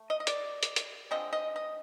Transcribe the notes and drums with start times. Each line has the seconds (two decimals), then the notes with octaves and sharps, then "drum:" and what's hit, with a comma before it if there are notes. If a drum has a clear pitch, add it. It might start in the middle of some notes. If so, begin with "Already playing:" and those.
Already playing: A3
0.10 D#5
0.20 D#5
0.27 D5, drum: hi-hat
0.63 drum: hi-hat
0.76 drum: hi-hat
1.11 D3 F3 G#3 C4 D#5
1.33 D#5
1.56 D#5